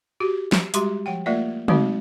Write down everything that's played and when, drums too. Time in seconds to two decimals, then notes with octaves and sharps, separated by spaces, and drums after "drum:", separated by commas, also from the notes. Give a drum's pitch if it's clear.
0.20 F#4 G4
0.52 drum: snare
0.74 G3 G#3 F#4 G4 A#5 C6, drum: hi-hat
1.06 F3 F#5 G5
1.26 A3 A#3 F4 A#4 D5 E5
1.68 F#3 G#3 A3 C4 D#4 F#4, drum: tom